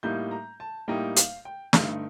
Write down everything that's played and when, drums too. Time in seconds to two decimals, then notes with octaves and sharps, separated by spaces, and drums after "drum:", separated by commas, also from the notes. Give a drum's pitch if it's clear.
0.03 A2 G3 A#3 D#4 G6
0.31 A#5
0.60 A5
0.88 A2 G3 A#3 D#4 G5
1.16 F5, drum: hi-hat
1.45 G5
1.73 G2 D3 A3 D#4 F5, drum: snare